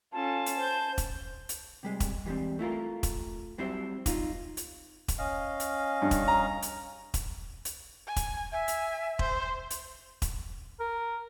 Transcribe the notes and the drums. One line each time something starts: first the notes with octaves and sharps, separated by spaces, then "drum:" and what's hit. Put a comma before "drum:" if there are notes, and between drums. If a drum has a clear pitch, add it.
C#4 F4 A4 A5
drum: hi-hat
C5 G6
drum: kick E1, hi-hat
drum: hi-hat
C3 G3 G#3
drum: kick E1, hi-hat
E3 F3 G3 G#3 C4
A3 E4 F4 A#4
drum: kick E1, hi-hat
F#3 G3 C4 E4 C5
D#4 F4 D#5, drum: kick E1, hi-hat
drum: hi-hat
drum: kick E1, hi-hat
C#4 D#5 F5
drum: hi-hat
G2
drum: kick E1, hi-hat
A#5
drum: hi-hat
drum: kick E1, hi-hat
drum: hi-hat
G#5
drum: kick E1, hi-hat
E5 G#5
drum: hi-hat
C5, drum: kick E1
drum: hi-hat
drum: kick E1, hi-hat
A#4